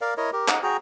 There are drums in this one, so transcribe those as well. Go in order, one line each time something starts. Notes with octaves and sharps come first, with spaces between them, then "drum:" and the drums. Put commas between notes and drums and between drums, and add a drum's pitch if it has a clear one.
A#4 D5 F5
E4 A#4 C#5 D#5
G4 A#4
D#4 F#5, drum: clap
F#4 G#4 G5 A#5